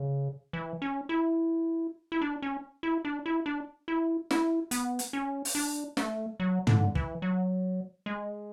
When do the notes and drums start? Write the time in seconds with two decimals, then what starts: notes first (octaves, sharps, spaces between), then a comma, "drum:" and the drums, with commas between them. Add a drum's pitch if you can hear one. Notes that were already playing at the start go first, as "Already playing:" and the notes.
Already playing: C#3
0.53 E3
0.82 C#4
1.09 E4
2.12 E4
2.21 D4
2.42 C#4
2.83 E4
3.05 D4
3.26 E4
3.46 D4
3.88 E4
4.31 E4, drum: snare
4.71 B3, drum: hi-hat
4.99 drum: hi-hat
5.13 C#4
5.45 drum: open hi-hat
5.55 D4
5.97 A3, drum: snare
6.40 F#3
6.67 D3, drum: tom
6.95 E3, drum: kick
7.22 F#3
8.06 G#3